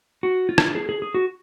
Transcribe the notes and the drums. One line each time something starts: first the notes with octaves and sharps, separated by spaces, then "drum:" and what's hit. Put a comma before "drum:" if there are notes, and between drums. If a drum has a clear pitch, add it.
F#4
F4
drum: rim click
G#4
G#4
G#4
F#4